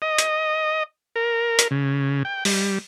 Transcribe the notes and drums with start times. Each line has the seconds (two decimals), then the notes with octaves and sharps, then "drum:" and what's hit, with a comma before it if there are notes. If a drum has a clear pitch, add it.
0.02 D#5
0.18 drum: hi-hat
1.16 A#4
1.59 drum: hi-hat
1.71 C#3
2.25 G5
2.45 G3, drum: open hi-hat